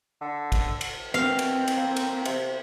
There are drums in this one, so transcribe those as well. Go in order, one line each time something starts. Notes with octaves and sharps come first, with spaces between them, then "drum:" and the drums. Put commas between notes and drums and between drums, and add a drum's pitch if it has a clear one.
D3
drum: kick, cymbal
drum: cymbal
B2 B3 C4 A#4 F5
drum: cymbal
drum: cymbal
A#3
drum: cymbal
C3, drum: cymbal